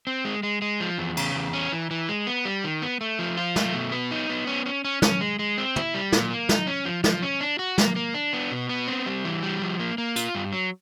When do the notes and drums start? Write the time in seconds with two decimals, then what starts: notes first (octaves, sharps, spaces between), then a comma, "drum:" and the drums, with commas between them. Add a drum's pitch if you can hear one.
0.07 C4
0.25 G#3
0.43 G#3
0.62 G#3
0.80 F3
0.98 E2
1.17 C#3, drum: cymbal
1.35 E2
1.53 C#4
1.72 E3
1.91 E3
2.09 G#3
2.27 B3
2.45 G3
2.64 D#3
2.82 B3
3.01 A3
3.19 F3
3.37 F4
3.56 A3, drum: snare
3.74 B2
3.92 B3
4.11 D#4
4.30 B3
4.47 C#4
4.66 C#4
4.85 C#4
5.02 C#4, drum: snare
5.21 G#3
5.39 G#3
5.58 C4
5.76 E4, drum: tom
5.94 G3
6.12 A#2, drum: snare
6.31 A#3
6.49 D#4, drum: snare
6.67 C#4
6.85 F3
7.04 F3, drum: snare
7.22 C#4
7.41 D4
7.59 F#4
7.78 A#3, drum: snare
7.96 A#3
8.14 D4
8.33 B3
8.51 B2
8.69 B3
8.88 C4
9.06 G3
9.25 E3
9.43 G3
9.62 F3
9.80 A#3
9.98 A#3
10.16 F4, drum: hi-hat
10.35 G2
10.52 F#3